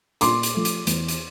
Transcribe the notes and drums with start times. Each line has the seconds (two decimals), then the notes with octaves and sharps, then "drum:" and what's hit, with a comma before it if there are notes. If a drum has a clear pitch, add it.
0.21 A#2 C6 D6, drum: hi-hat
0.43 drum: hi-hat
0.54 F3 A3
0.65 drum: hi-hat
0.87 E2, drum: hi-hat
1.08 drum: hi-hat